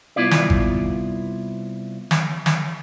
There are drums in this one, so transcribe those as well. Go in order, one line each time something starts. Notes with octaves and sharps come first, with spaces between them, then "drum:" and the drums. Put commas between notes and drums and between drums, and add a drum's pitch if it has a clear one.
C2 A#2 B3 E4 F4 D5
drum: snare
drum: kick G#1
drum: snare
drum: snare